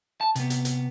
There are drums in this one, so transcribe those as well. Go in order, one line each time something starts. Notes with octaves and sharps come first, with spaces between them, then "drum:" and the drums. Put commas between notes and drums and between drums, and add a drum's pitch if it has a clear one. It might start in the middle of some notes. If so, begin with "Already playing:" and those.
A5
C3 B3, drum: hi-hat
drum: hi-hat
drum: hi-hat